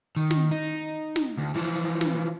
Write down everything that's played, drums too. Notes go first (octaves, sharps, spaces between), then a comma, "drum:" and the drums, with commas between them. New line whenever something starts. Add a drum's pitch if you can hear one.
D#3
drum: snare
D#4
drum: snare
D2
E3 F3
drum: snare